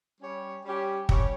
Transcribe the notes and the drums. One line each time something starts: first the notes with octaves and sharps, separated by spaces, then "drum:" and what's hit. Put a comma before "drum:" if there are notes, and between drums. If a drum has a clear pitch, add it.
G3 C#4 G4 C#5
G3 C#4 G4 C#5
G3 C#4 G4 C#5, drum: kick